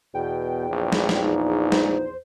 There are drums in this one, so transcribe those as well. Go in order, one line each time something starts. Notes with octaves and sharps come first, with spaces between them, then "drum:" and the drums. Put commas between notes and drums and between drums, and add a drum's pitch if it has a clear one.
E2 B2 G5
A#1
drum: snare
drum: snare
D#4
C5, drum: snare